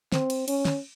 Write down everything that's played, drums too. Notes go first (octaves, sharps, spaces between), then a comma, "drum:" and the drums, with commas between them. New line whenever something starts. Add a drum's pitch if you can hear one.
C4, drum: snare
drum: cymbal
C#4, drum: cymbal
drum: snare